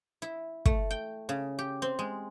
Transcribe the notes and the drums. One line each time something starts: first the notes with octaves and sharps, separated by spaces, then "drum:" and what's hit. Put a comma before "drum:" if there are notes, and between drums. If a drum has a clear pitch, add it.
E4
A3, drum: kick
G5
C#3
G4
C4
G#3